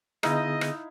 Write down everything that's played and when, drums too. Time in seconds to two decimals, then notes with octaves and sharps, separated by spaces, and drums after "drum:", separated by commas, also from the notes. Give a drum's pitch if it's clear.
0.23 D3 B3 D#4 E4 G#4 D#5 F5, drum: rim click
0.61 drum: rim click